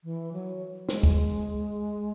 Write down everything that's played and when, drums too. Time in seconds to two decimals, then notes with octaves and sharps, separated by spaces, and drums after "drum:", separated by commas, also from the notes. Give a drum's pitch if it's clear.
0.04 E3
0.33 F#3
0.89 G#3, drum: snare
1.03 drum: kick D2